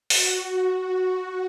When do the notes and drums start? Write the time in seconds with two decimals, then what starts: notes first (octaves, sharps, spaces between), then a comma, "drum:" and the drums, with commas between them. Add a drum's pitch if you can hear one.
0.10 F#4, drum: open hi-hat